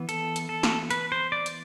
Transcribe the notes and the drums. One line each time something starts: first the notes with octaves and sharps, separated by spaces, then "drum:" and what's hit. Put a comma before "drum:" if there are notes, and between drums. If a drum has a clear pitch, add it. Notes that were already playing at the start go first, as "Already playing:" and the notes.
Already playing: E3 B3
A4, drum: hi-hat
drum: hi-hat
A4
drum: snare
B4, drum: hi-hat
C5
D5
drum: hi-hat